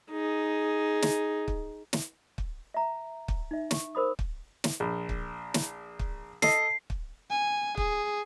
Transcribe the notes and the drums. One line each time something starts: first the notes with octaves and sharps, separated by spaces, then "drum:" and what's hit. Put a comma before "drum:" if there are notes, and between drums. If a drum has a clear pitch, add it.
D#4 G#4
drum: snare
drum: kick
drum: snare
drum: kick
E5 A#5
drum: kick
D#4 E5
C#6, drum: snare
A#4 C5 B5 D#6
drum: kick
drum: snare
A#1
drum: kick
drum: snare
drum: kick
A4 D#5 C7, drum: snare
drum: kick
G#5
G#4, drum: kick